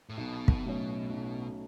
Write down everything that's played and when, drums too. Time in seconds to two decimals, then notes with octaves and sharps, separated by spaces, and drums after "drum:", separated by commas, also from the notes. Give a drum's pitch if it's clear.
0.09 A2
0.17 B1 B2
0.48 drum: kick
0.64 A2 F#3 A3 C#4
1.10 B1